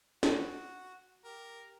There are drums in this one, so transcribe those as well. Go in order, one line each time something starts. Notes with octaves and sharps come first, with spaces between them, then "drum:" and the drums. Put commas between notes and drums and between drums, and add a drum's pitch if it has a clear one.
F#4, drum: snare
G4 A#4